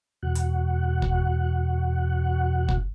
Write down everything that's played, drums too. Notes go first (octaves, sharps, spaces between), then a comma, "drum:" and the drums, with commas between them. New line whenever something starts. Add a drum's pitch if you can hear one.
E2 B2 F#4 F#5
drum: hi-hat
drum: kick
drum: kick